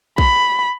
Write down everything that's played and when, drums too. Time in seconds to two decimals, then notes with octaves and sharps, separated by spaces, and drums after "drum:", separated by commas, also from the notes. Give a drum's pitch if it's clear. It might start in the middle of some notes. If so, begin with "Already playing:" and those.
0.18 B5, drum: kick A#1